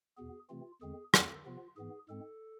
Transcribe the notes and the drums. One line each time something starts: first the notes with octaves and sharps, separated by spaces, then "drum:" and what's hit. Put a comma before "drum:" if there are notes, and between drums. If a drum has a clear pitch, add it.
E2 B2 B3 G#4
C3 E3 A3 C4 F4
E2 D3 G#3 C4 G#4
F2 D3 A3 C4 A4, drum: rim click
C3 F3 B3 F4
G#2 E3 B3 G#4
G#2 G#3 C4 A4